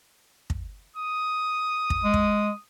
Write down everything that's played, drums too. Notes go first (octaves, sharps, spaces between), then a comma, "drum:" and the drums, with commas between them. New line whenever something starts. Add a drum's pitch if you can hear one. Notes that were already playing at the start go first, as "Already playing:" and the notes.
drum: kick
D#6
drum: kick
G#3
drum: kick